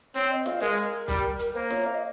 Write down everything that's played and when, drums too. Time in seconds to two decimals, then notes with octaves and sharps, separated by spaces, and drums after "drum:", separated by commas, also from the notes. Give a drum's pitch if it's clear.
0.15 C4 C#5, drum: hi-hat
0.31 D#5
0.46 F5, drum: snare
0.61 G#3 A#4
0.77 drum: hi-hat
1.08 G3, drum: kick, hi-hat
1.39 drum: hi-hat
1.55 A#3 C5
1.70 C#5, drum: snare
1.86 F5
1.94 D#5